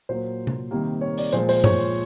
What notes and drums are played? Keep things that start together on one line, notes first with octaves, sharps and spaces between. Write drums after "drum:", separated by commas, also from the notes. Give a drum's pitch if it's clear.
A#2 F#3 A#3 C5
drum: tom C3
C3 D#3 G3 A#3
C#5
D5, drum: open hi-hat
A#2 F3 G#3 C5, drum: hi-hat
C5, drum: open hi-hat
C#5, drum: tom G2